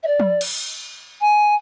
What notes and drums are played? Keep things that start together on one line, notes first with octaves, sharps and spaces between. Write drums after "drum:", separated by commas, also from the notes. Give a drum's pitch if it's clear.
E5
D5
drum: tom F3
drum: cymbal
G#5